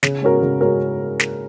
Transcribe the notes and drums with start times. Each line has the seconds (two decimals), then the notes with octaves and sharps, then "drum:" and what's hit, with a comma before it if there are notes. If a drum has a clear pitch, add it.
0.03 C#3, drum: snare
0.22 G#3 C#4 F#4 A#4
0.42 C#3
0.61 G#3 C#4 F#4 A#4
1.19 drum: snare